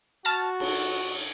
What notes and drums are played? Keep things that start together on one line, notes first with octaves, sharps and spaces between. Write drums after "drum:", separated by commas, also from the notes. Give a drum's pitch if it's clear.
F#4 A5 F6 A6
drum: cymbal